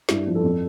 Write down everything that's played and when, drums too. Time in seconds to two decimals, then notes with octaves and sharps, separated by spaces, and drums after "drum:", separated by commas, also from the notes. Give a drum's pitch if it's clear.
0.09 G2 E4, drum: snare
0.27 F3
0.35 A4
0.43 F2